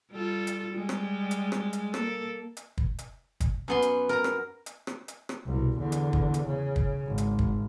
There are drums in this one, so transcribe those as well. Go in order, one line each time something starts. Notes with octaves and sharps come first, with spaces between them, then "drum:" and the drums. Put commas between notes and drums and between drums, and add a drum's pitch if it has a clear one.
G3 F4 A4
drum: hi-hat
G3 G#3
drum: rim click
drum: hi-hat
drum: rim click
drum: hi-hat
A#3 A4, drum: rim click
drum: hi-hat
drum: kick
drum: hi-hat
drum: kick, hi-hat
F#2 B3 C6
drum: hi-hat
A#4 A#5
drum: rim click
drum: hi-hat
drum: rim click
drum: hi-hat
drum: rim click
C2 B2
E2 D3
drum: hi-hat
drum: kick
drum: hi-hat
C#3
drum: kick
G#1
drum: hi-hat
drum: kick